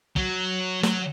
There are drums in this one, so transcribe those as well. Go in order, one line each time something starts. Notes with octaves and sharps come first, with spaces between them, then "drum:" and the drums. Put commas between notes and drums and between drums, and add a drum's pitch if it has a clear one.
F#3, drum: kick
F#3, drum: snare